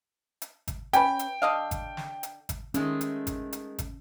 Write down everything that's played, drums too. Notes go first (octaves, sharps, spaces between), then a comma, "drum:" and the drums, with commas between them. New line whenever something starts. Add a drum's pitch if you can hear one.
drum: hi-hat
drum: kick, hi-hat
C#4 B4 G5, drum: hi-hat
drum: hi-hat
D3 D#5 F5
drum: kick, hi-hat
drum: snare
drum: hi-hat
drum: kick, hi-hat
D#3 G#3 A3 C#4, drum: hi-hat
drum: hi-hat
drum: kick, hi-hat
drum: hi-hat
drum: kick, hi-hat